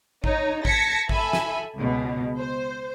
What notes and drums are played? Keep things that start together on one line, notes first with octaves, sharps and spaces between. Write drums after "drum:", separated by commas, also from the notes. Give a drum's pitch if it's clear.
D#4 C#5, drum: kick G#1
A5 G#6 A#6 B6 C#7, drum: kick G#1
A4 E5 G#5 B5, drum: kick G#1
drum: snare
C#2 B2
C5